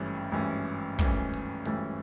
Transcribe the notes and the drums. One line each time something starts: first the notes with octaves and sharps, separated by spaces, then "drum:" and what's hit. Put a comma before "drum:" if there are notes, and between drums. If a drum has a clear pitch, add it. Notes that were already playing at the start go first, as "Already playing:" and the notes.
Already playing: G#1 G2 E3 A3 C#4
G#1 G2 E3 A3 C#4
G#1 G2 E3 A3 C#4, drum: kick
drum: hi-hat
G#1 G2 E3 A3 C#4, drum: hi-hat